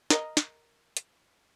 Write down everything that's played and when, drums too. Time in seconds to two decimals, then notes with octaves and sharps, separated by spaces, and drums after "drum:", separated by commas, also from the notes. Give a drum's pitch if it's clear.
0.10 A#4 D#5, drum: snare
0.37 drum: snare
0.97 drum: hi-hat